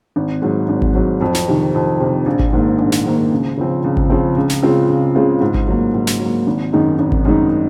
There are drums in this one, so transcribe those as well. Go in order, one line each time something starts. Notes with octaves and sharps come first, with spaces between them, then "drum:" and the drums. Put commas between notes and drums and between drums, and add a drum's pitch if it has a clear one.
G#1
G#2 F#3
G#1
drum: kick G#1
G#2 F#3
F2
drum: snare
C3 D#3
F2
C3 D#3
A#1
drum: kick G#1
G#2 D#3 A#3
A#1
drum: snare
G#2 D#3 A#3
C#2
C#3 F3 C4
C#2
drum: kick G#1
C#3 F3 C4
C#2
drum: snare
C#3 G#3 C4 F4
C#2
C#3 G#3 C4 F4
G#2
drum: kick G#1
F#3 A#3
G#2
drum: snare
F#3 A#3
G#1
F#2 D#3 G#3 D#4
G#1
drum: kick G#1
F#2 D#3 G#3 D#4